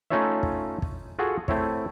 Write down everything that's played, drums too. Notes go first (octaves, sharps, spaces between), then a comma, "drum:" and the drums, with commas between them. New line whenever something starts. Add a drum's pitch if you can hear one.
A3 C#4 D#4 F4 C#5 E5
drum: kick
drum: kick
F4 F#4 G#4 A4 F#5
A3 C4 E4 C#5, drum: kick